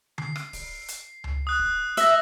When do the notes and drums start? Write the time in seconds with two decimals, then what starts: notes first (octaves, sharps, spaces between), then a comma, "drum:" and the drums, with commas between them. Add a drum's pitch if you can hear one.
0.18 C7, drum: tom D3
0.36 drum: rim click
0.53 drum: kick D1, open hi-hat
0.89 drum: hi-hat
1.24 drum: tom C#2
1.47 D#6 F#6
1.59 drum: kick D1
1.97 E5 E6 A#6, drum: hi-hat